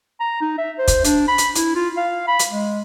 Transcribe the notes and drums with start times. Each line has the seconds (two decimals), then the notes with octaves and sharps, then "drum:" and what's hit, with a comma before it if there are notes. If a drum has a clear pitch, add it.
0.20 A#5
0.41 D#4
0.58 E5
0.79 C5
0.88 drum: kick, hi-hat
1.05 D4, drum: hi-hat
1.28 B5
1.38 drum: hi-hat
1.55 E4, drum: hi-hat
1.76 F4
1.97 F5
2.28 B5
2.39 drum: hi-hat
2.50 G#3